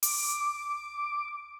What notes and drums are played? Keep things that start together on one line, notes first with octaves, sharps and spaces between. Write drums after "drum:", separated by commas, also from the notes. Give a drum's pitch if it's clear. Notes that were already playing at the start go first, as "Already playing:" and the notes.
D6, drum: open hi-hat